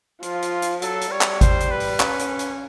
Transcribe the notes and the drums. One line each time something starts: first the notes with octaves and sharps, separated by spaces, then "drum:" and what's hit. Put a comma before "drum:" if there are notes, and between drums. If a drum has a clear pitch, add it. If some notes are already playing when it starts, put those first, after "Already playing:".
F3 F4, drum: hi-hat
drum: hi-hat
drum: hi-hat
F#3 A4, drum: hi-hat
drum: hi-hat
G3 C#5
drum: clap
C5, drum: kick G#1, hi-hat
drum: hi-hat
B4
drum: open hi-hat
C#4, drum: clap
drum: hi-hat
drum: hi-hat